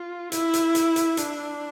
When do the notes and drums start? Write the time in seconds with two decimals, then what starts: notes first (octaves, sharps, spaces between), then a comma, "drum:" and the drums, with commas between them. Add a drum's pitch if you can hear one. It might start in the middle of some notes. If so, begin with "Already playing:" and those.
Already playing: F4
0.32 E4, drum: hi-hat
0.54 drum: hi-hat
0.75 drum: hi-hat
0.96 drum: hi-hat
1.17 D4, drum: hi-hat